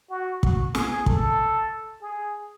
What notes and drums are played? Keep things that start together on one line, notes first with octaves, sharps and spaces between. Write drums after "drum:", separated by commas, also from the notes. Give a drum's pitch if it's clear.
F#4
F#4, drum: kick
G#4, drum: snare
A4, drum: kick
G#4